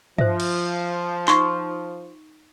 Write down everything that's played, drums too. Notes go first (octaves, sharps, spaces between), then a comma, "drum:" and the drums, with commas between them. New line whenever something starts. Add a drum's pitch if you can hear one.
F3 C5 E5, drum: tom G2
drum: cymbal
D#4 C6 C#6, drum: clap